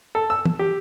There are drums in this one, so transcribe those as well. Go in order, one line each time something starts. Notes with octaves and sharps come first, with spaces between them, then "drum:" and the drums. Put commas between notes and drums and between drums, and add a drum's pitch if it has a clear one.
A4
E6
drum: tom
G4